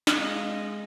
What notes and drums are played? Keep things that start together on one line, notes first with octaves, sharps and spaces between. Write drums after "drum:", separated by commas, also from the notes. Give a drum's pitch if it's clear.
drum: snare
G#3 C4 D#5